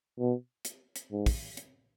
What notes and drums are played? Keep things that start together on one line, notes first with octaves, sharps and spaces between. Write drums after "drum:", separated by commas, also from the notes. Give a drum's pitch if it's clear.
B2
drum: hi-hat
drum: hi-hat
G#2
drum: kick, open hi-hat
drum: hi-hat